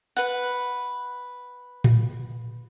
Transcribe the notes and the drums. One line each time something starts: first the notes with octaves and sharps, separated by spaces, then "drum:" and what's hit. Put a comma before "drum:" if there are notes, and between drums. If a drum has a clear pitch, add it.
B4 F#5, drum: hi-hat
drum: tom A2